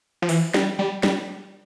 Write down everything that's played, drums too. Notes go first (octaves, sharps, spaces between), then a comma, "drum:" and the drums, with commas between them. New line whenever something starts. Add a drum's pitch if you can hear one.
F3
E3, drum: open hi-hat
G3, drum: snare
G3
G3, drum: snare